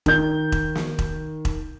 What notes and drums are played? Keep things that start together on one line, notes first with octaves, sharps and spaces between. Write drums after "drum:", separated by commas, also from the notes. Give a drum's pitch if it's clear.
D#3 G6, drum: kick E1
drum: kick E1
drum: snare
drum: kick E1
drum: kick E1